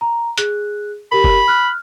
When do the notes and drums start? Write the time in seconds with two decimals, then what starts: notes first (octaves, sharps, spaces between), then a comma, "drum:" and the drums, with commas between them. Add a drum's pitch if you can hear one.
0.01 A#5
0.38 G#4 F#6, drum: hi-hat
1.12 G4 A#4 B5
1.24 drum: kick
1.48 F6 F#6